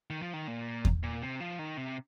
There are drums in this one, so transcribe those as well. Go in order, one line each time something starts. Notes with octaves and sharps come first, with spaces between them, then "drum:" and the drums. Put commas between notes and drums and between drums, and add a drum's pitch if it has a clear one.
D#3
F3
D#3
A#2
drum: kick E2
A#2
C3
F3
D#3
C3